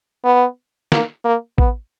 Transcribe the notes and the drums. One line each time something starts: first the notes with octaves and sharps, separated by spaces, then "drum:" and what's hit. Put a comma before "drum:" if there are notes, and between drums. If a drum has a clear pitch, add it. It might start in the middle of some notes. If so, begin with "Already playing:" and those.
B3
A#3, drum: snare
A#3
B3, drum: kick A1